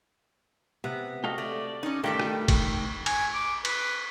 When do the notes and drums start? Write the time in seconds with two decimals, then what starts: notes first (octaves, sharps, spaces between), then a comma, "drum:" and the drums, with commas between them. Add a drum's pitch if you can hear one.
0.84 C3 B3
1.24 F#4 G4 A4 D#5 F5
1.38 A3 D5
1.83 C#4 D#4
2.04 G2 D#3 G3 A3 G4 A4 D5 G5
2.19 drum: rim click
2.48 drum: kick, cymbal
3.06 G#5, drum: cymbal
3.34 D6
3.65 B4, drum: cymbal